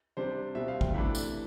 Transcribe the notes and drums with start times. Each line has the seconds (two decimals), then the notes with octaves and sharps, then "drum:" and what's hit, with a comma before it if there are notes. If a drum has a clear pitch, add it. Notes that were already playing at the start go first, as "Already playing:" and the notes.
0.17 C3 G3 D4 C5
0.55 B2 G3 C4 E5
0.68 F5
0.81 G5, drum: kick A1
0.94 C3 E3 A3 D4 B5
1.15 drum: tambourine